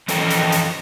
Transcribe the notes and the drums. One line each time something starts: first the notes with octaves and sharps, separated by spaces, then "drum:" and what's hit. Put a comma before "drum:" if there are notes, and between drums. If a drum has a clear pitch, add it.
E3 F3 C#4 A4 D#5 G5, drum: hi-hat
drum: hi-hat
drum: hi-hat